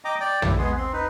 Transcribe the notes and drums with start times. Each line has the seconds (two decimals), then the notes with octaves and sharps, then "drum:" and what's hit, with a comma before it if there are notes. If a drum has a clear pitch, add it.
0.05 D#5 G5 A#5 D6
0.20 D5 G5
0.42 E4 G4, drum: tom
0.58 G#3 B3 G#4 C6
0.77 C4 C6
0.93 D#4 B4